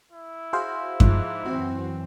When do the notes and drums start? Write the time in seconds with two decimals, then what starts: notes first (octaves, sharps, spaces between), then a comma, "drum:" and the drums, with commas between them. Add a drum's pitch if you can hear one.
0.12 E4
0.53 F#4 G#4 C5 F5
1.00 G#2 F3, drum: kick F#2
1.46 F#2 E3 C4 F#4